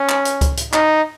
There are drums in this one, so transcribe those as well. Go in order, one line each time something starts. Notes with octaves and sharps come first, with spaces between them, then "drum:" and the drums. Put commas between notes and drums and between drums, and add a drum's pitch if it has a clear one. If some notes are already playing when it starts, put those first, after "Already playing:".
Already playing: C#4
drum: clap
drum: hi-hat
drum: kick C#2, hi-hat
drum: hi-hat
D#4, drum: clap